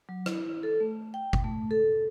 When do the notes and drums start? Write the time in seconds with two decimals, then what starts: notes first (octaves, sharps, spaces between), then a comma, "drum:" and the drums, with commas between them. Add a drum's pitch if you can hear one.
0.09 F#3
0.26 E4, drum: rim click
0.46 E4
0.63 A4
0.80 A3
1.14 G5
1.33 drum: kick G1
1.44 A3
1.71 A4